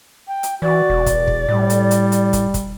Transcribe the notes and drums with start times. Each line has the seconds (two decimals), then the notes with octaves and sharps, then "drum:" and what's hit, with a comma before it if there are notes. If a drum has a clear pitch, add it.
0.28 G5
0.43 drum: hi-hat
0.62 E3 F#4 D5
0.90 E1
1.06 drum: kick, hi-hat
1.27 drum: kick
1.49 A2 G3
1.70 drum: hi-hat
1.91 drum: hi-hat
2.12 drum: hi-hat
2.33 drum: kick, hi-hat
2.54 drum: kick, hi-hat